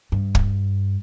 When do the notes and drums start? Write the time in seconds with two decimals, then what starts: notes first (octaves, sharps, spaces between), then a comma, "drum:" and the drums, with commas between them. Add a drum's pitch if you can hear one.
0.12 G2
0.35 drum: kick